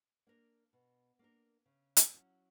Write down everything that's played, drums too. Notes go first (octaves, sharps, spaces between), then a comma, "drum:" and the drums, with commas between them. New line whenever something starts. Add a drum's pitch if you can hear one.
A#3 D4 A#4
B2
A#3 D4 A#4
C#3
drum: hi-hat
F#3 C#4 E4